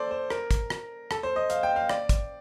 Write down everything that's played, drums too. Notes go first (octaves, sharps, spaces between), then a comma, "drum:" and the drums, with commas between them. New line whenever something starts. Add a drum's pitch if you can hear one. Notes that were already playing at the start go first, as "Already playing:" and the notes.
Already playing: A4 C5 D5
C5
A#4, drum: rim click
drum: kick, hi-hat
drum: rim click
A4, drum: rim click
C5
D#5
F5, drum: hi-hat
G5
F5
D5, drum: rim click
drum: kick, hi-hat